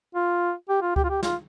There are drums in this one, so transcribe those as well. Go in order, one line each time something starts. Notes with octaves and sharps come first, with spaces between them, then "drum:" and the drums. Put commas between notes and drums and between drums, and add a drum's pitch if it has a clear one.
F4
G4
F4
G4, drum: kick C#2
F4
G4
F4, drum: snare